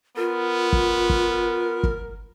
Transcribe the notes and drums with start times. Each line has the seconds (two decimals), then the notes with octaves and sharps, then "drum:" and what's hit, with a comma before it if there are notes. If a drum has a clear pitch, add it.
0.17 B3 F4 A#4
0.73 drum: kick
1.10 drum: kick
1.83 drum: kick